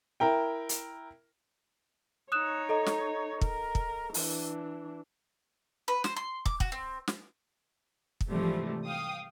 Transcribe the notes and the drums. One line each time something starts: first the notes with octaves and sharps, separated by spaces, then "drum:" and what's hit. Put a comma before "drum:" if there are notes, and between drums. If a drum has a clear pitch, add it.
E4 A#4 G5
drum: hi-hat
D#4 C#5 D#6 F#6 E7
A4 D#5 A#5
drum: snare
A#4, drum: kick
drum: kick
E3 D4, drum: open hi-hat
B4
C5, drum: snare
C6
D6, drum: kick
F#4, drum: kick
C4
drum: snare
drum: kick
G#2 C3 E3 F3 G3 A3
F5 G5 D#6